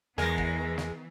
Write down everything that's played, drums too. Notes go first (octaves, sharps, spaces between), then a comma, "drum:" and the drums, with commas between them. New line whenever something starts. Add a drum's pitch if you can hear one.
E2 E3 G#3 B3 A#4 G#5 A#6, drum: snare
drum: kick
drum: snare